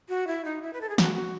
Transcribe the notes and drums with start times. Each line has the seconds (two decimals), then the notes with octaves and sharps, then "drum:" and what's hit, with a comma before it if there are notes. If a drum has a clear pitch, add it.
0.09 F#4
0.27 E4
0.45 D#4
0.62 E4
0.73 B4
0.81 A4
0.89 G#4
0.98 F#4, drum: snare
1.15 F#4